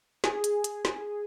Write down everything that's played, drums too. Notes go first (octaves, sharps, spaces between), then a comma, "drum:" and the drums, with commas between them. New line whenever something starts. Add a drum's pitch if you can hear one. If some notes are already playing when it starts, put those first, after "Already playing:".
G#4, drum: snare
drum: hi-hat
drum: hi-hat
drum: snare